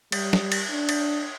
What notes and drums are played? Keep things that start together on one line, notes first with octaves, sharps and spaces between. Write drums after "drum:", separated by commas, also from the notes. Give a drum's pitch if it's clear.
G3, drum: cymbal
drum: snare
drum: cymbal
D4
drum: cymbal